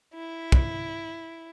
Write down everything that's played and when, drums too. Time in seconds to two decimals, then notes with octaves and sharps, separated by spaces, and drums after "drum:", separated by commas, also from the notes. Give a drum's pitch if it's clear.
0.14 E4
0.52 drum: kick